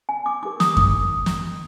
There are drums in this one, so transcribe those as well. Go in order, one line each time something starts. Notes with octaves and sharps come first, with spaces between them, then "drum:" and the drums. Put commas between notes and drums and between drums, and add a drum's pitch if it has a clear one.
G#5
D6
D#4 G4 A#4 D6
D#6, drum: snare
D#6, drum: kick F#2
drum: snare